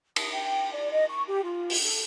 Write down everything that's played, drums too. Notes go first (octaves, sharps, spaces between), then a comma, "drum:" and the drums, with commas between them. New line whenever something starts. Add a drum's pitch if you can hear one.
D#6, drum: cymbal
G5
D5
D#5
C#6
G4
F4
drum: open hi-hat
A4